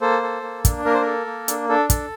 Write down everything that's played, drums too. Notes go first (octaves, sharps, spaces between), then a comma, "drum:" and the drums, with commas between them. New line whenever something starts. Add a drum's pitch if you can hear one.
A#3 A4 C5
A4
A#3
D4, drum: kick, hi-hat
A#3 A#4
C5
A4 A#4
A#3
D4, drum: hi-hat
D4 A4
A4, drum: kick, hi-hat